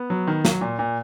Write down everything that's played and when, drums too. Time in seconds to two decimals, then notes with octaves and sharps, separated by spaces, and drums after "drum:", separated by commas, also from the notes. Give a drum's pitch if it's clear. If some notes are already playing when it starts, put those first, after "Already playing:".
Already playing: B3
0.10 F#3
0.27 D#3
0.45 F#3, drum: snare
0.61 A#2
0.79 A#2